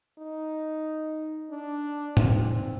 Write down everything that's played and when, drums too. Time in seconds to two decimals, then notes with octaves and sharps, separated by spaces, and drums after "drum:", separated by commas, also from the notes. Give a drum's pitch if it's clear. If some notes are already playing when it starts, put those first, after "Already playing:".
0.19 D#4
1.51 D4
2.17 C4, drum: tom G#2